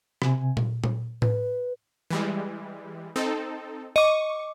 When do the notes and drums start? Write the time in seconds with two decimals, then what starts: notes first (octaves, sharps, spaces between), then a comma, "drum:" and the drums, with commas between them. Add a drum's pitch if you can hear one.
0.22 C3 G#5, drum: rim click
0.57 drum: tom A#2
0.84 drum: tom A#2
1.22 B4, drum: tom A2
2.10 E3 G3 G#3
3.16 C4 D#4 A4
3.96 D#5 C#6 D6